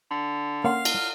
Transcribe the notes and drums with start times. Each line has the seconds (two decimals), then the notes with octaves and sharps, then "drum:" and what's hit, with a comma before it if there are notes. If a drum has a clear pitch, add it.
0.11 D3
0.64 A#3 C#4 F5 F#5 C6
0.85 drum: cymbal